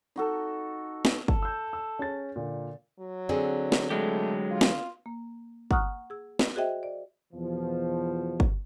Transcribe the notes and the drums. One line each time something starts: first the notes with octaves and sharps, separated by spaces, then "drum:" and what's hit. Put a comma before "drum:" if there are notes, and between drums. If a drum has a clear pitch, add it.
D#4 F#4 A4
drum: snare
A4, drum: kick
E6 G6
E6
C#4 G#4 A6
A#2 D3 A#3
F#3
D3 C4 G#4
drum: snare
F#3 G#3 A3 G4
F4
drum: snare
A#3
F#5 A#5 C#6 D#6 F6 F#6, drum: kick
G#4 E6
drum: snare
F#4 G#4 C5 D#5 E5 G5
D5
E2 B2 F3
drum: kick